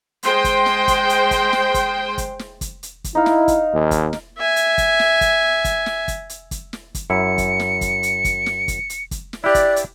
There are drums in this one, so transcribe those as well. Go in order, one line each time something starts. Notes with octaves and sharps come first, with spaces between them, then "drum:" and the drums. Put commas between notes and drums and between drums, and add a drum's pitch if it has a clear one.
G#3 C5 G5 C6, drum: hi-hat
drum: kick, hi-hat
drum: snare
drum: kick, hi-hat
drum: hi-hat
drum: kick, hi-hat
drum: snare
drum: kick, hi-hat
drum: kick, hi-hat
drum: snare
drum: kick, hi-hat
drum: hi-hat
drum: kick, hi-hat
D#4 E4 F5
drum: snare
drum: kick, hi-hat
D#2
drum: kick, hi-hat
drum: snare
E5 G#5
drum: hi-hat
drum: kick, hi-hat
drum: snare
drum: kick, hi-hat
drum: kick, hi-hat
drum: snare
drum: kick, hi-hat
drum: hi-hat
drum: kick, hi-hat
drum: snare
drum: kick, hi-hat
F#2 E4 C#7
drum: kick, hi-hat
drum: snare
drum: kick, hi-hat
drum: hi-hat
drum: kick, hi-hat
drum: snare
drum: kick, hi-hat
drum: hi-hat
drum: kick, hi-hat
drum: snare
E4 G4 D5 F#6
drum: kick, hi-hat
drum: hi-hat